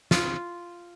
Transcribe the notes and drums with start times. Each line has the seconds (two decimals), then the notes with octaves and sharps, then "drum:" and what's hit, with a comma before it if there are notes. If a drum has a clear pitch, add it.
0.11 F4, drum: snare